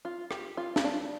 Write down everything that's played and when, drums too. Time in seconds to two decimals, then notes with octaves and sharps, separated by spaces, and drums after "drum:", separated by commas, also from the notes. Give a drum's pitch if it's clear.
0.05 F4
0.31 G4, drum: rim click
0.57 F4
0.76 F4, drum: snare
0.84 D4